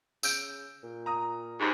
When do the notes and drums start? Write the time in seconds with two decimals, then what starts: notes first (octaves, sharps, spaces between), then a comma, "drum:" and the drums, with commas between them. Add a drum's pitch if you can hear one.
0.23 C#3 E6 G6 D7, drum: tambourine
0.83 A#2
1.06 A#5 D#6
1.59 D#2 G#2